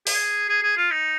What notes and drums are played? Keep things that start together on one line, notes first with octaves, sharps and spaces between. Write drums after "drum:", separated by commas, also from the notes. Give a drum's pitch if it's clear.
G#4, drum: open hi-hat
G#4
G#4
F4
D#4